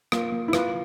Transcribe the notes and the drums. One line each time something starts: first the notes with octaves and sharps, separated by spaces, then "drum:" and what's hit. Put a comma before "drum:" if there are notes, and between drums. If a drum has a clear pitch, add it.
A#3 F4, drum: rim click
A#3
E4
F4 B4, drum: rim click